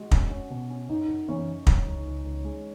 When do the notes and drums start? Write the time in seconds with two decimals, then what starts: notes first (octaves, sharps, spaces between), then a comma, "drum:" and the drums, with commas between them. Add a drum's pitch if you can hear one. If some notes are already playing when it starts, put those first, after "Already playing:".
Already playing: G#3 F#4
0.11 C#4, drum: kick
0.30 C#4
0.50 B2
0.70 C#4
0.89 F#2 D#4
1.08 F#2
1.28 E3 C#4
1.48 F#2
1.67 F#3, drum: kick
1.86 C#2
2.06 C#2
2.25 C#2
2.45 G#3